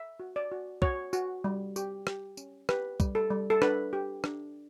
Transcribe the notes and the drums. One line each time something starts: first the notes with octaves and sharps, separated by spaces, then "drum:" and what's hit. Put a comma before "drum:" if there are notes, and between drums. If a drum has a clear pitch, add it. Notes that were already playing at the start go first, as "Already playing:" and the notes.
Already playing: E5
F#4
D5
F#4
F#4 C#5, drum: kick
F#4, drum: tambourine
G3
G4, drum: tambourine
G4, drum: rim click
C#4, drum: tambourine
G4 B4, drum: rim click
G3, drum: kick, tambourine
A4
G3
A4
D4 B4, drum: rim click
G4
D4, drum: rim click